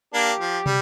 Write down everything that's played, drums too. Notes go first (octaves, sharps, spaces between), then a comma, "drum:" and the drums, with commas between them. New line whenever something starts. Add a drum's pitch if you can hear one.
A#3 D4 G4
F3
G3, drum: tom